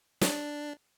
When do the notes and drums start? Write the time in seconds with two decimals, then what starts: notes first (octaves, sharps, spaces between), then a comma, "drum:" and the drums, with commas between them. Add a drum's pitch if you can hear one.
0.21 D4, drum: snare